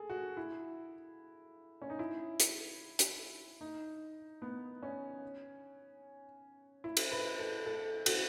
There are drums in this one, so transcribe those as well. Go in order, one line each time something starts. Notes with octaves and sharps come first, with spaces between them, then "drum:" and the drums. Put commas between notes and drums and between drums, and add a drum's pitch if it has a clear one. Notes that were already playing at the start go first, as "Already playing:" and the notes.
Already playing: G#4 A4
F#4
E4
C#4
D#4
E4
drum: hi-hat
drum: hi-hat
D#4
B3
C#4
E4
drum: cymbal
B4
A4
A4
F#4, drum: cymbal